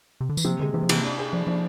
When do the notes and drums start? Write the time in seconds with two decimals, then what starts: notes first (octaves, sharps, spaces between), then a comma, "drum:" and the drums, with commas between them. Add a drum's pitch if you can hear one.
0.21 C3
0.29 D3
0.37 E3, drum: tambourine
0.45 C3 F3
0.60 D3 G#3
0.74 C3 E3
0.83 F3
0.89 C3 E3, drum: cymbal
1.04 D4
1.18 G#4
1.32 F3 D4
1.47 F3 D4